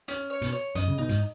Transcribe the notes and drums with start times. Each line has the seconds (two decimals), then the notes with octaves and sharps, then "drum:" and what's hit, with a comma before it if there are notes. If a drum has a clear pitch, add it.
0.08 C#4, drum: hi-hat
0.30 C#5
0.42 B2, drum: hi-hat
0.52 C#5
0.75 F#2 D#5, drum: hi-hat
0.88 C#3
0.98 B2 D#4
1.09 G#2, drum: hi-hat